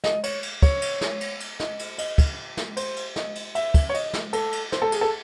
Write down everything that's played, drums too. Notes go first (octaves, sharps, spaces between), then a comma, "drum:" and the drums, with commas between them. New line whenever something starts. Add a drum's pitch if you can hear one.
D#5, drum: snare
C#5, drum: cymbal
drum: cymbal
C#5, drum: kick, cymbal
drum: cymbal
drum: snare
drum: cymbal
drum: cymbal
D#5, drum: snare
drum: cymbal
D#5, drum: cymbal
drum: kick, cymbal
drum: snare
C5, drum: cymbal
drum: cymbal
D#5, drum: snare
drum: cymbal
E5, drum: cymbal
drum: kick, cymbal
C#5
D#5, drum: cymbal
drum: snare
A4, drum: cymbal
drum: cymbal
C5, drum: snare
A4
G#4, drum: cymbal
A4